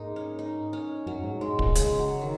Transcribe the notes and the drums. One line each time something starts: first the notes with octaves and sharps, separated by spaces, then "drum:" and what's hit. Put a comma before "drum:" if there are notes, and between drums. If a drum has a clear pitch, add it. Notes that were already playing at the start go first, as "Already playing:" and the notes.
Already playing: G#2 G#3 A#3 D#4
C#4
D#4
C#4
F#2 F#3
G#2
G#2 G#3
A#2, drum: kick
C#3 G#3, drum: hi-hat
F#3
D#3